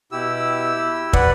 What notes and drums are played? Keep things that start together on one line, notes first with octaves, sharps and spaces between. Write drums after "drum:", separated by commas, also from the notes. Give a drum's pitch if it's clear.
B2 E4 G4 E6
B4 D5 F#5, drum: kick